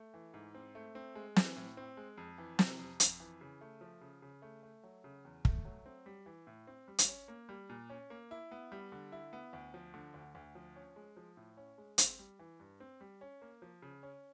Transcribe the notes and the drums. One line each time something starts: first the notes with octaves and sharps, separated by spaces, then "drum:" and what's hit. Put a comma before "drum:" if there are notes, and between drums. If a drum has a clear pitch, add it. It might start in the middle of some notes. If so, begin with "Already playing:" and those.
Already playing: A3
E3
G#2
C4
A3
C4
G#3
E3, drum: snare
A2
C4
G#3
F2
E3
C3, drum: snare
F2
F2, drum: hi-hat
E3
C#3
A3
F3
C#3
C#3
A3
A3
F#3
C#3
E2
A3, drum: kick
F#3
C4
G3
E3
A2
C4
G3
drum: hi-hat
C#4
A#3
G3
A#2
C#4
A#3
E4
B3
G3
D3
E4
B3
D2
F3
D3
D2
D2
F3
C#4
G#3
F3
A2
C#4
G#3
C4, drum: hi-hat
G3
E3
G2
C4
G3
C#4
A#3
F3
C#3
C#4